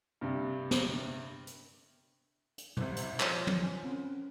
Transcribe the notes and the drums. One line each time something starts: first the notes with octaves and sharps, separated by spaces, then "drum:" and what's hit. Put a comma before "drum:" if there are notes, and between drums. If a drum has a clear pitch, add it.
G2 C3
drum: snare
drum: hi-hat
drum: hi-hat
F#1 C3, drum: tom
drum: hi-hat
F3 C5 C#5 C6, drum: clap
drum: tom
G#5
C4 C#4